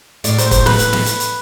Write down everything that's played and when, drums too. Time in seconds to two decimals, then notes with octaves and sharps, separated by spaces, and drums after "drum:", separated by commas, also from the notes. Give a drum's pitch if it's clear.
0.24 A2 D5, drum: hi-hat
0.38 C5, drum: hi-hat
0.51 C5, drum: kick, hi-hat
0.66 B4, drum: snare
0.79 drum: hi-hat
0.93 drum: snare
1.06 drum: hi-hat
1.20 drum: hi-hat